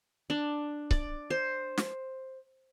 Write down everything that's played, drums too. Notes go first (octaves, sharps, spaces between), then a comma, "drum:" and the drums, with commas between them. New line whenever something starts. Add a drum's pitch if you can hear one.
D4
D5, drum: kick C#1
C5
drum: snare